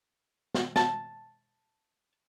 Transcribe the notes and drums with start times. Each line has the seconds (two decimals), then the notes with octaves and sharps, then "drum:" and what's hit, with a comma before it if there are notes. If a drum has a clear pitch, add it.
0.55 drum: snare
0.76 A5, drum: snare